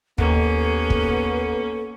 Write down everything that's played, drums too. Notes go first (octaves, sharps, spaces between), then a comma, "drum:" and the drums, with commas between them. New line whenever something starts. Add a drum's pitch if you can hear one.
D#2 A#3 B3 C#4 A4, drum: kick
drum: kick